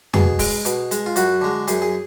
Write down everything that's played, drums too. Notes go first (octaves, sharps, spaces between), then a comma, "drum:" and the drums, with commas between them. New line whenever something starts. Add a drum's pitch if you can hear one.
B2 G#4, drum: tom F2
G#3, drum: kick, open hi-hat
B2, drum: hi-hat
G#3, drum: hi-hat
F4
F#2 F#4, drum: hi-hat
D3 G#3
F#2 G#4, drum: hi-hat
G#4